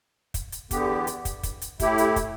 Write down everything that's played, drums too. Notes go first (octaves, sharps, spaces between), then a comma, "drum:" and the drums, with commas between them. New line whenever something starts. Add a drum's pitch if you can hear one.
drum: kick, hi-hat
drum: hi-hat
E2 D3 B3 G4, drum: kick, hi-hat
drum: hi-hat
drum: kick, hi-hat
drum: kick, hi-hat
drum: hi-hat
A2 A3 E4 G4, drum: kick, hi-hat
drum: hi-hat
drum: kick, hi-hat